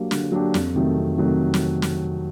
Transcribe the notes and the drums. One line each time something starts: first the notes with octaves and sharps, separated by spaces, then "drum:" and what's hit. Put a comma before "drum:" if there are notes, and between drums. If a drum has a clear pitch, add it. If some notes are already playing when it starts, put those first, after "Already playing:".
Already playing: F#3 A#3 D4 G4
D3, drum: snare
F#3 A#3 D4 G4
F2, drum: snare
C3 D#3 F#3 A3
F2
C3 D#3 F#3 A3
drum: snare
drum: snare